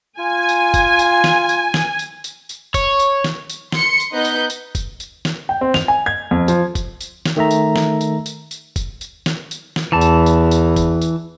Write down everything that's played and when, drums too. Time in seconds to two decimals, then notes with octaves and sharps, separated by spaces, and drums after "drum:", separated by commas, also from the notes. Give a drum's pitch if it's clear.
0.19 F4 G#5
0.49 drum: tambourine
0.74 drum: kick F1, tambourine
0.99 drum: tambourine
1.24 drum: snare
1.49 drum: tambourine
1.74 drum: snare
1.99 drum: tambourine
2.24 drum: tambourine
2.49 drum: tambourine
2.74 C#5, drum: kick F1, tambourine
2.99 drum: tambourine
3.24 drum: snare
3.50 drum: tambourine
3.72 C6 C#7, drum: snare
4.00 drum: tambourine
4.12 B3 D#4 B4 D#5 F#6 G6
4.25 drum: tambourine
4.50 drum: tambourine
4.75 drum: kick F1, tambourine
5.00 drum: tambourine
5.25 drum: snare
5.49 G5
5.61 C4
5.74 F7, drum: snare
5.88 G#5
6.06 G#6
6.31 F2
6.48 F3, drum: tambourine
6.75 drum: kick F1, tambourine
7.00 drum: tambourine
7.26 drum: snare
7.37 D#3 A3 E5 A#5
7.51 drum: tambourine
7.76 drum: snare
8.01 drum: tambourine
8.26 drum: tambourine
8.51 drum: tambourine
8.76 drum: kick F1, tambourine
9.01 drum: tambourine
9.26 drum: snare
9.51 drum: tambourine
9.76 drum: snare
9.92 E2 E3 A5
10.01 drum: tambourine
10.26 drum: tambourine
10.51 drum: tambourine
10.76 drum: kick F1, tambourine
11.02 drum: tambourine